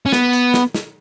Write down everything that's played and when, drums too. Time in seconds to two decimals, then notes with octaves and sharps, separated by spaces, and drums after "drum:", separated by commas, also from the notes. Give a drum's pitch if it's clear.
0.06 C#4
0.12 B3, drum: snare
0.33 drum: hi-hat
0.54 drum: snare
0.75 drum: snare